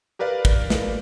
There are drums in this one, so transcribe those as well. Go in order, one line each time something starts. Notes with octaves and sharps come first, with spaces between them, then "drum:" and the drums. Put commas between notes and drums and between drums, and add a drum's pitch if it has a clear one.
G4 A#4 B4 D5 F5
drum: kick
drum: snare